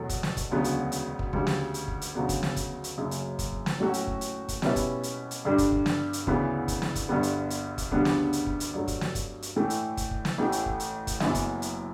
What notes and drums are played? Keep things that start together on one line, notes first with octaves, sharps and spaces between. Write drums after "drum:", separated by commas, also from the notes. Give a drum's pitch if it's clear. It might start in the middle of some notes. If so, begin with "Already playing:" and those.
Already playing: E2 B2 F#3 A3
drum: kick, hi-hat
drum: snare
drum: kick, hi-hat
E1 D2 C#3 F#3 B3
drum: hi-hat
drum: hi-hat
drum: kick
D2 C#3 G3, drum: kick
drum: snare
drum: hi-hat
drum: kick
drum: hi-hat
D2 C#3 F#3 B3
drum: kick, hi-hat
drum: snare
drum: kick, hi-hat
drum: hi-hat
F#1 F#2 C#3
drum: hi-hat
drum: kick, hi-hat
drum: kick
drum: snare
A2 F#3 A3 C#4 F#4
drum: hi-hat
drum: kick
drum: hi-hat
drum: kick, hi-hat
B2 G3 C#4 E4 B4, drum: snare
drum: kick, hi-hat
drum: hi-hat
drum: hi-hat
G2 D3 G3 D4
drum: kick, hi-hat
drum: kick
drum: snare
drum: hi-hat
D2 C#3 E3 B3, drum: kick
drum: kick, hi-hat
drum: snare
drum: kick, hi-hat
G1 G2 D3 G3 B3
drum: hi-hat
drum: hi-hat
drum: kick, hi-hat
D2 C#3 G3 B3 D4, drum: kick
drum: snare
drum: hi-hat
drum: kick
drum: hi-hat
G2 F#3 A3
drum: kick, hi-hat
drum: snare
drum: kick, hi-hat
drum: hi-hat
A2 E3 A3
drum: hi-hat
drum: kick, hi-hat
drum: kick
drum: snare
A1 A2 E3 A3
drum: hi-hat
drum: kick
drum: hi-hat
drum: kick, hi-hat
F#1 F#2 E3 B3, drum: snare
drum: kick, hi-hat
drum: hi-hat